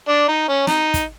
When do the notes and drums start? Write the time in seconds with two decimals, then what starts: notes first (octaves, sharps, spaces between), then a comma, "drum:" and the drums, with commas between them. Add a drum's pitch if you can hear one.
0.08 D4
0.28 D#4
0.48 C#4
0.67 D#4, drum: snare
0.94 drum: kick, hi-hat